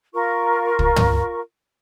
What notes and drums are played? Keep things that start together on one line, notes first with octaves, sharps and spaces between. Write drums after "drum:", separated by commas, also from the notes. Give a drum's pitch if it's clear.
F4 A#4 C#6
drum: kick
drum: tom